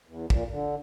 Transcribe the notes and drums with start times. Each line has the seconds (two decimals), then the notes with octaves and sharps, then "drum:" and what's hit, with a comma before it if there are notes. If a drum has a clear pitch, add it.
0.07 E2
0.30 A#2, drum: kick
0.50 D3